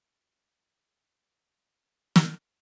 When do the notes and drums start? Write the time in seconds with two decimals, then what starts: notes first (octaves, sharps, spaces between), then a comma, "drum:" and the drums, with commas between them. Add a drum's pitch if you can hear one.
0.25 B6 C#7 E7 F7
1.33 E6 A6
1.72 F6
2.16 drum: snare